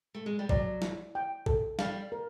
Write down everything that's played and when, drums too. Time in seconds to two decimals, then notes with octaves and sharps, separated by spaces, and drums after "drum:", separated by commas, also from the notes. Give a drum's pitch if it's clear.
0.15 A3
0.26 G#3
0.39 G3
0.49 F#3 D5, drum: kick A#1
0.82 E4, drum: snare
1.15 G5
1.46 A4, drum: kick A#1
1.79 G3 F5, drum: snare
2.12 A#4